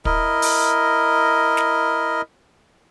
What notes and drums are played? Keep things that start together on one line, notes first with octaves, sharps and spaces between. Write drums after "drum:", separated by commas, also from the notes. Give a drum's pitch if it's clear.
E4 A#4 D#5, drum: kick
drum: open hi-hat
drum: snare